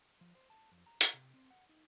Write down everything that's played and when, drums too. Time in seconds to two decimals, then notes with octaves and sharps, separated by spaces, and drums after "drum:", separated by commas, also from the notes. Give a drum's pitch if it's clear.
0.21 F3
0.35 C5
0.50 A5
0.72 F2
0.86 A#5
1.01 E4, drum: hi-hat
1.14 C3
1.34 C4
1.51 F#5
1.69 D#4